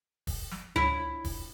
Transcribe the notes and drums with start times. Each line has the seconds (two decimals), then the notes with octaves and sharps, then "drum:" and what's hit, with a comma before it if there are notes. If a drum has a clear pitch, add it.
0.27 drum: kick, open hi-hat
0.51 drum: snare
0.76 E4, drum: tom C#2
1.24 drum: kick, open hi-hat